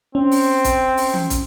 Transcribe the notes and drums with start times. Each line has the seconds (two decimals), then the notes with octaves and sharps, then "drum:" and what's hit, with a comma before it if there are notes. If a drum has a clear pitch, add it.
0.15 C4 C#4
0.31 drum: open hi-hat
0.64 drum: kick, hi-hat
0.97 drum: open hi-hat
1.14 drum: tom E3
1.30 drum: kick, hi-hat